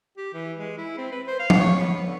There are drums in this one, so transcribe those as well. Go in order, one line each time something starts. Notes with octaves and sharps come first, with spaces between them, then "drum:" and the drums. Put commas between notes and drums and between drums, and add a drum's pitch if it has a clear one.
G4
E3
G#3
E4
C4
B4
C5
F5
drum: tom F3
C#5
B3
B3
D3